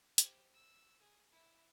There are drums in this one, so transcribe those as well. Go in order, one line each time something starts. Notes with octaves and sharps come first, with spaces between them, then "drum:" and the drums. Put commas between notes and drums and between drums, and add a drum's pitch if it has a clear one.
G4 C5, drum: hi-hat
E6
G#4
E4